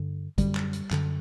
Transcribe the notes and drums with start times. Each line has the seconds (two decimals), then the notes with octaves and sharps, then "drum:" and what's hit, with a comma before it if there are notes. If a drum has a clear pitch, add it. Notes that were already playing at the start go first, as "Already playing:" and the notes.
Already playing: G2 D3
0.38 F#2 D3 G3, drum: kick, hi-hat
0.55 drum: clap
0.73 drum: hi-hat
0.91 F#2 D3, drum: clap